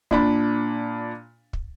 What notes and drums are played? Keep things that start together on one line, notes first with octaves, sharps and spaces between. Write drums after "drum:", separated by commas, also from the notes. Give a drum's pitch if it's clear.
A#2 D4 B5, drum: kick
drum: kick